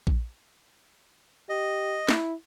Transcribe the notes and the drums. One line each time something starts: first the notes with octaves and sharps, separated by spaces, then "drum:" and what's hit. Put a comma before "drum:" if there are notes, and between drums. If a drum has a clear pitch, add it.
drum: kick A#1
G4 D#5
E4, drum: snare